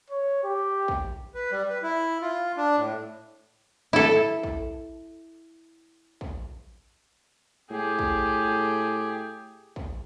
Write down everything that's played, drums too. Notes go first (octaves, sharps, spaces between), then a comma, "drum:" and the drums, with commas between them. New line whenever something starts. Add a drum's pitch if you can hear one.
C#5
G4
drum: kick
B4
G3
B4
E4
F4
D4
A2
E4 A4
drum: kick
drum: kick
A2 G4 G#4
drum: kick
drum: kick